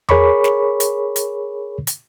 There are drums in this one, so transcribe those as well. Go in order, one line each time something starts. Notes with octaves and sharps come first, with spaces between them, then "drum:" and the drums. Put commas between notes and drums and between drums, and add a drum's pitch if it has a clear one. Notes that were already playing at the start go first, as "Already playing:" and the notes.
G#4 A#4 C#5 B5 C#6 D6, drum: tom E2
drum: snare
drum: hi-hat
drum: hi-hat
drum: hi-hat